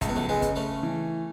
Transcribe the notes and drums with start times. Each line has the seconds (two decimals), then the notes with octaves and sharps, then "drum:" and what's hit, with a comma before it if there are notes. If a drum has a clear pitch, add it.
0.01 C#2 A3, drum: kick G1, hi-hat
0.09 B3
0.16 F#3 A3
0.29 G#3 B3
0.42 C#3, drum: kick G1, hi-hat
0.56 A3 C#4
0.83 E3